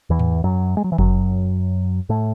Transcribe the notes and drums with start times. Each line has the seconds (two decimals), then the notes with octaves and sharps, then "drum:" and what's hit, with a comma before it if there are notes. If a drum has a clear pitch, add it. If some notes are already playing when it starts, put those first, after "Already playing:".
0.10 E2 E3
0.19 drum: tom G#2
0.44 F#2 F#3
0.77 G#3
0.84 F#3
0.92 E3
0.99 F#2 F#3, drum: kick F#1
2.09 A2 A3